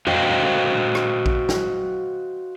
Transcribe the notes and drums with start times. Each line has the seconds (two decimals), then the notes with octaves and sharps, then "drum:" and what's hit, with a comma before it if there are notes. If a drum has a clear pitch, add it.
0.07 F#4 C5 D#5 F5 G5, drum: tom F2
0.95 drum: rim click
1.26 drum: kick A#1
1.49 drum: snare